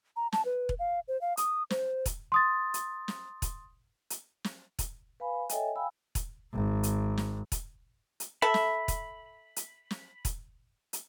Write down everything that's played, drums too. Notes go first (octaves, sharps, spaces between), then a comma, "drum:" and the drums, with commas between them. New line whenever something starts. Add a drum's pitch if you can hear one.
A#5
A5, drum: snare
B4
drum: kick E1
F5
C5
F5
D#6, drum: hi-hat
C5, drum: snare
drum: kick E1, hi-hat
C6 D#6 A6
drum: hi-hat
drum: snare
drum: kick E1, hi-hat
drum: hi-hat
drum: snare
drum: kick E1, hi-hat
B4 F5 G#5 B5
A4 C#5 D#5 E5 G5 G#5, drum: hi-hat
F5 G5 G#5 B5 E6
drum: kick E1, hi-hat
G#1
drum: hi-hat
drum: snare
drum: kick E1, hi-hat
drum: hi-hat
A4 E5 B5
drum: snare
drum: kick E1, hi-hat
drum: hi-hat
drum: snare
drum: kick E1, hi-hat
drum: hi-hat